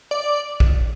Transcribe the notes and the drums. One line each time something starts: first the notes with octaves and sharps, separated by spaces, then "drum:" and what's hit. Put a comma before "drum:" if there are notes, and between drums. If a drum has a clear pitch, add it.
D5
drum: kick